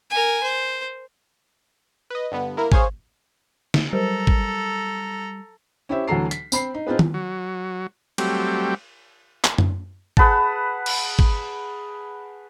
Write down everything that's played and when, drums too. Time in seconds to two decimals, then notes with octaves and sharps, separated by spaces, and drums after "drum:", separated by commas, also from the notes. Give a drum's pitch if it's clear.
0.10 A#4 G#5
0.44 C5
2.10 B4 D#5
2.32 G2 D3 B3
2.57 A#3 E4 A#4
2.72 G#4 C5 C#5 F5 G#5, drum: kick
3.74 drum: snare
3.93 F#3 G3 A4 A#4 C5 A#5
4.27 drum: kick
5.89 C#4 E4 G4 C5 E5
6.08 D2 E3 F#3 A4 A#5 C7
6.31 B6, drum: hi-hat
6.52 C4 B5 C7, drum: tambourine
6.74 D#4
6.87 C4 D#4 F4 G#4 B4
6.99 drum: tom D#3
7.14 F#3
8.18 F#3 G3 A3 C4 G4, drum: cymbal
9.44 drum: clap
9.58 drum: tom F#2
10.17 G#4 B4 F#5 A5, drum: kick
10.86 drum: cymbal
11.19 drum: kick